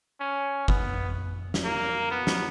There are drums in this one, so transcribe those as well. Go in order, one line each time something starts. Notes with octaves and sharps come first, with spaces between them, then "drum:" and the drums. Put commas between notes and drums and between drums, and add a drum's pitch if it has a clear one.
C#4
B3, drum: kick G1
drum: snare
A#3
B3
drum: snare